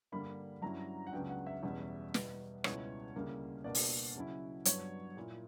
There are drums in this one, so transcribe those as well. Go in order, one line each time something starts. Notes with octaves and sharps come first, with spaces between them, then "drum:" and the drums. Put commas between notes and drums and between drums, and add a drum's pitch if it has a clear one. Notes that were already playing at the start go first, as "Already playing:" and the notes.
G2 D3 G3 A#3 B5
G2 F#3 C#4 E4 A#5
F#5
C#2 C#3 F#3 B3 D4 G5
F#5
E5
E2 B2 G3 C#4 E4
B2 G3 B3, drum: snare
C#2 B2 G3 C#4 E4 C#5, drum: rim click
D2 C#3 G3 A#3 E4
B2 A#3 D4 D5
drum: open hi-hat
C#3 F#3 C#4 E4
G2 F#3 B3 D4 C#5, drum: hi-hat
A#2 A#3 E4